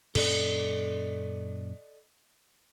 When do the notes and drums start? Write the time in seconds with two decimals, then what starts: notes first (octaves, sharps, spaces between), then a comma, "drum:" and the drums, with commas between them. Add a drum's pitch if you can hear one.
0.15 F#2 A#2 C#4 A4 D5 D#5, drum: cymbal